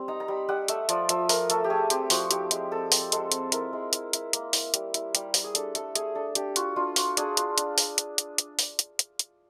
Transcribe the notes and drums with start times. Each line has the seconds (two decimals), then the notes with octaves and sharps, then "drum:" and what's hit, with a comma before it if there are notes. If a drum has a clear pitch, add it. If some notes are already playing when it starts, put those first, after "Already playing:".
Already playing: G3 C4
0.08 D#4 A#5
0.20 A#5
0.28 G3 B5
0.49 G3 F#5
0.68 A3 E5, drum: hi-hat
0.89 F3 D5, drum: hi-hat
1.09 F3 E5, drum: hi-hat
1.29 A3 A#4, drum: open hi-hat
1.50 A3 A4, drum: hi-hat
1.64 G4
1.70 A3 G#4
1.90 C4 G4, drum: hi-hat
2.10 F3 F#4, drum: open hi-hat
2.31 E4 G4, drum: hi-hat
2.51 G#3, drum: hi-hat
2.71 C4 A4
2.92 C4, drum: open hi-hat
3.12 G#3 A4, drum: hi-hat
3.32 C4, drum: hi-hat
3.52 E4 A#4, drum: hi-hat
3.73 G#3
3.93 E4, drum: hi-hat
4.13 E4, drum: hi-hat
4.33 A#3, drum: hi-hat
4.53 E4, drum: open hi-hat
4.74 G3, drum: hi-hat
4.94 E4, drum: hi-hat
5.15 G3, drum: hi-hat
5.34 G3, drum: open hi-hat
5.44 G#4
5.55 D4 A4, drum: hi-hat
5.75 A3 A4, drum: hi-hat
5.95 A3 G#4, drum: hi-hat
6.15 D4 A4
6.35 D4 G4, drum: hi-hat
6.56 F4 F#4, drum: hi-hat
6.76 D4 F4
6.96 F4 F#4, drum: open hi-hat
7.17 D4 G#4, drum: hi-hat
7.37 F4, drum: hi-hat
7.58 D4, drum: hi-hat
7.78 drum: open hi-hat
7.98 drum: hi-hat
8.18 drum: hi-hat
8.38 drum: hi-hat
8.59 drum: open hi-hat
8.79 drum: hi-hat
8.99 drum: hi-hat
9.19 drum: hi-hat